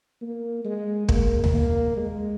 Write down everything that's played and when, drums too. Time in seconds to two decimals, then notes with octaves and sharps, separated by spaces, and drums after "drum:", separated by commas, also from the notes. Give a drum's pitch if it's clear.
0.21 A#3
0.65 G#3
1.09 A#3, drum: kick
1.44 drum: tom D2
1.53 A#3
1.97 G#3